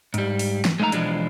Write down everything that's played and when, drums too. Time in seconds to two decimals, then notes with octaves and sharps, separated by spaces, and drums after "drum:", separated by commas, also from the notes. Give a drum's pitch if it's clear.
0.14 G#2 G3, drum: hi-hat
0.39 drum: open hi-hat
0.65 drum: snare
0.80 G#3 A3 D#4 D5 A#5
0.92 B1 E3 F3 G#3 D4, drum: hi-hat